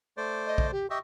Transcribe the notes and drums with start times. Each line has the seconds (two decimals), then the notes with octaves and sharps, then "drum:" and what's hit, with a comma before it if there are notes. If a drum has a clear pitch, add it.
0.17 A3 C5 D5
0.47 D#5
0.58 drum: kick A#1
0.72 G4
0.90 G4 D#5 E5 C#6